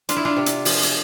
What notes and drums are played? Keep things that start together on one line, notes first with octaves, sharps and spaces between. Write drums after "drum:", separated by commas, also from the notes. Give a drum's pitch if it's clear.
D4 F4, drum: hi-hat
E4
D4 F4
C3
drum: hi-hat
F3, drum: open hi-hat
drum: hi-hat